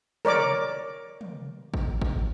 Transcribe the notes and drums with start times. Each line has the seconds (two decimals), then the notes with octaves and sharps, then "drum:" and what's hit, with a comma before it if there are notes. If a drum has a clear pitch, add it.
0.25 A#4 C#5 D5 D6, drum: tom
1.21 drum: tom
1.74 drum: kick G#1
2.02 drum: kick G#1